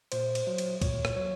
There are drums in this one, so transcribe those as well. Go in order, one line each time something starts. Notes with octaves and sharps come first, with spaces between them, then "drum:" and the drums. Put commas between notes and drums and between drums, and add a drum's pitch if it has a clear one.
A#2 C5, drum: cymbal
drum: cymbal
F#3
drum: cymbal
A#2 C#5, drum: kick, cymbal
drum: rim click
F#3 C#5